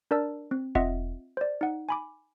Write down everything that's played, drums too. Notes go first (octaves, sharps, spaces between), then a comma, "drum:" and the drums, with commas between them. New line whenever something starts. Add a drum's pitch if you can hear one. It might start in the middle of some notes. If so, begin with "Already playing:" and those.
D4 A#4 D5 A5 E6
C4
C4 F4 D#5 E5 F#5, drum: kick E1
C5 D5
D#4 F#5
G#5 B5 D6